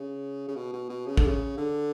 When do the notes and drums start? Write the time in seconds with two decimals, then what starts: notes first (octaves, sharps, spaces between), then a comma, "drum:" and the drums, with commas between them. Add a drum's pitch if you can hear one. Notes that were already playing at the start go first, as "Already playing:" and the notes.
Already playing: C#3
0.48 C#3
0.56 B2
0.73 B2
0.89 B2
1.07 C#3
1.17 D3, drum: kick
1.27 C#3
1.58 D3